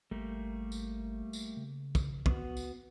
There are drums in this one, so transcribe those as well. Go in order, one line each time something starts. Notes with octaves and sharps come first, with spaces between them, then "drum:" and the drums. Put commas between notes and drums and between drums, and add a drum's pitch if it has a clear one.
G#1 G3 A3 A#3
drum: tambourine
drum: tambourine
C#3
drum: kick, tambourine
C#2 B3 F#4, drum: kick
drum: tambourine